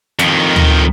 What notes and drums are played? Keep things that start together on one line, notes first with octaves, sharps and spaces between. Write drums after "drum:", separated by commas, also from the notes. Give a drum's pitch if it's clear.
F2 D#3, drum: hi-hat
drum: tom D2